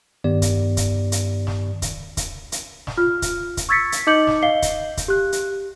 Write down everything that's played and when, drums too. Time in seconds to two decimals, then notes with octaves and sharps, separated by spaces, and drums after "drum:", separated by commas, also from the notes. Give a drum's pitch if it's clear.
0.24 G2 D#3 B3 G4 D5
0.42 drum: kick C#1, hi-hat
0.77 drum: kick C#1, hi-hat
1.12 drum: hi-hat
1.47 drum: snare
1.82 drum: kick C#1, hi-hat
2.17 drum: kick C#1, hi-hat
2.52 drum: hi-hat
2.87 drum: snare
2.98 F4 F6
3.22 drum: kick C#1, hi-hat
3.57 drum: kick C#1, hi-hat
3.69 C#6 E6 G#6 A6 B6 C#7
3.92 drum: hi-hat
4.07 D#4 D#5 D6 G6 C#7 F#7
4.27 drum: snare
4.43 D#5 F5 C7 G7
4.62 drum: kick C#1, hi-hat
4.97 drum: kick C#1, hi-hat
5.08 G4 F#6
5.32 drum: hi-hat